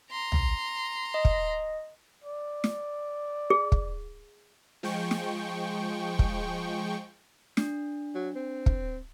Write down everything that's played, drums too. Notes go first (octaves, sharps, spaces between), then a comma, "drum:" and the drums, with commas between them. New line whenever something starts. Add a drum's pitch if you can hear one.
A#5 C6
drum: tom
D#5
drum: kick
D5
drum: snare
G#4
drum: kick
F3 G#3 G5 C#6
drum: snare
drum: kick
D4, drum: snare
F#3
C4
drum: kick